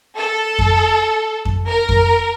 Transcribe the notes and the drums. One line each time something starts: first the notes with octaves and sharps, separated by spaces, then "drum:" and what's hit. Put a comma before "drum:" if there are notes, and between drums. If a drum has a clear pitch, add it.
A4
drum: kick F2
drum: kick F2
A#4
drum: kick F2